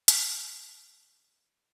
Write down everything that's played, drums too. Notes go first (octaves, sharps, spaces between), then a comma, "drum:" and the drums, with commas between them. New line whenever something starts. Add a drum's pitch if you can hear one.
D4 D#4 A4 A#4 C#5, drum: hi-hat